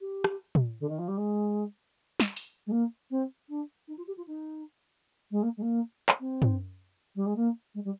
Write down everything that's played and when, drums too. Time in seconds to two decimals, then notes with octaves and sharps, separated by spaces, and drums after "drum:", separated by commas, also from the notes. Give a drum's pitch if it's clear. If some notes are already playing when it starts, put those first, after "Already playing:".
0.01 G4
0.24 drum: rim click
0.55 drum: tom
0.80 D3
0.89 D#3
0.98 F3
1.08 G3
1.17 G#3
2.20 drum: snare
2.37 drum: open hi-hat
2.66 G#3
2.71 A#3
3.10 C4
3.49 D4
3.88 D#4
3.97 F4
4.07 G4
4.17 F4
4.27 D#4
5.31 G#3
5.42 A#3
5.57 G#3
5.62 A#3
6.09 drum: clap
6.20 C4
6.42 drum: tom
7.15 G3
7.26 G#3
7.36 A#3
7.74 G#3
7.84 G3